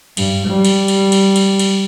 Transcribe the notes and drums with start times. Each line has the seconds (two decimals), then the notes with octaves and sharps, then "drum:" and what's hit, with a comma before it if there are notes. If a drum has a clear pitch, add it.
0.17 G2, drum: cymbal
0.46 G3
0.65 drum: cymbal
0.88 drum: cymbal
1.12 drum: cymbal
1.36 drum: cymbal
1.59 drum: cymbal